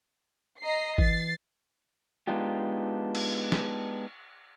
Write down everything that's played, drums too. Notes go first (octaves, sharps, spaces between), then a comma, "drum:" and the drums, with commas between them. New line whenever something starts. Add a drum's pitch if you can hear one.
D#5 A#5 C7
E3 A6 C7, drum: kick G#1
G#3 B3 D4 D#4 F4 G4
drum: cymbal
drum: snare